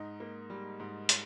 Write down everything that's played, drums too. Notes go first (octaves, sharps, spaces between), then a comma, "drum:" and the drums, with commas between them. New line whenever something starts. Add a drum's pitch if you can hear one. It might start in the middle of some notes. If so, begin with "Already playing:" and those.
Already playing: G#2 D#4
A#3
G3
G#2
drum: hi-hat